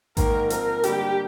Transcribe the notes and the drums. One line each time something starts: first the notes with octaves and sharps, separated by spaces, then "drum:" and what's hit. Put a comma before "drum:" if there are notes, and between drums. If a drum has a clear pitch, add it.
G#2 D#3 A#3 A#4, drum: kick A1, hi-hat
F3 C4 F4 A#4, drum: hi-hat
D3 G3 A#3 G4, drum: hi-hat